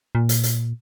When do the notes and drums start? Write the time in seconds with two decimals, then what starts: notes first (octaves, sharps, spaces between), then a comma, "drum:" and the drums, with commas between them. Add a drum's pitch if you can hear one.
0.15 A#2
0.29 drum: hi-hat
0.43 drum: hi-hat